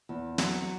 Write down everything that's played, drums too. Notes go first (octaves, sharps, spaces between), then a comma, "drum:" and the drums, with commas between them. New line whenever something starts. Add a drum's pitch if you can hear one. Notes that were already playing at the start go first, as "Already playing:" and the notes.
E2
F#3, drum: snare